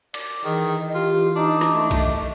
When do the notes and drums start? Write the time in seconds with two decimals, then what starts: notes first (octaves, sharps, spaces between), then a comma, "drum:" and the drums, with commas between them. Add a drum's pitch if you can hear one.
0.14 D5, drum: cymbal
0.44 D#3 E3 G#4
0.78 D#5
0.95 F4 G4
1.36 D4 D#4 D#5
1.61 drum: rim click
1.74 A3
1.91 drum: kick A#1, cymbal